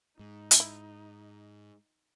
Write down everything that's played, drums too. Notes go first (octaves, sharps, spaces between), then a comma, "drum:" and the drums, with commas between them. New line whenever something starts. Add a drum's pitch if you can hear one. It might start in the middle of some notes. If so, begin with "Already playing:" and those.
G#2 D#4
drum: hi-hat
E4